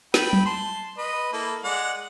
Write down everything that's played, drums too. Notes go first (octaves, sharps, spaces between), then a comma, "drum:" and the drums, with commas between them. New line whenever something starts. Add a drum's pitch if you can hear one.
G5 B5, drum: snare
drum: tom F#3
A5 C6
B4 D#5
A#3 E4 A4
G#3 D5 F#5